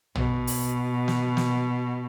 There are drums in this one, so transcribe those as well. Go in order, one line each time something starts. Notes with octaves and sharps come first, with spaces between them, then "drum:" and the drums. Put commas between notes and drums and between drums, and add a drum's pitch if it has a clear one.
B2, drum: tom
drum: open hi-hat
drum: snare
drum: snare